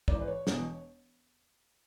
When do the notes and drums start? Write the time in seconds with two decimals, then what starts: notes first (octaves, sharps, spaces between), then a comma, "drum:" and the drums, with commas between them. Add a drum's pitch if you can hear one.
0.08 G#1 G#2 E3 D5, drum: kick
0.21 B4
0.27 C#5
0.47 E1 E2 B2, drum: snare